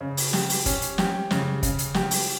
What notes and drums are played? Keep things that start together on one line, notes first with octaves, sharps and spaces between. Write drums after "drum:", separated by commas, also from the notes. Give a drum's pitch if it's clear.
C#3
drum: open hi-hat
G4, drum: snare
drum: open hi-hat
C#4, drum: kick, hi-hat
drum: hi-hat
G4, drum: snare
C#3, drum: snare
C#3, drum: kick, hi-hat
drum: hi-hat
G4, drum: snare
drum: open hi-hat